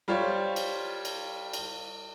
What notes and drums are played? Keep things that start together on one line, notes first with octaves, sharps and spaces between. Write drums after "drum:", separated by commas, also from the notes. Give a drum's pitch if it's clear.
G3 F4 G4 C5 C#5
drum: cymbal
drum: cymbal
drum: cymbal